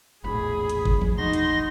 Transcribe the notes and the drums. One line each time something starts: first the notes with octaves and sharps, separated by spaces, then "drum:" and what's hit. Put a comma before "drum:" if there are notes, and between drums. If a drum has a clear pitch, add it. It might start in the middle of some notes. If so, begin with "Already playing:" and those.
E1 A#1 A2 G#4 B5
drum: hi-hat
drum: kick G#1
drum: tom E3
D#4 F#4 C6 A#6
drum: hi-hat